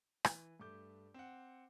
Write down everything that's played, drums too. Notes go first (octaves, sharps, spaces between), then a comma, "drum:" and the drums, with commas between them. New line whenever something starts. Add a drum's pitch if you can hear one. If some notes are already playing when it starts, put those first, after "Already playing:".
E3, drum: rim click
G2 A3 D6 G6
C4 F#5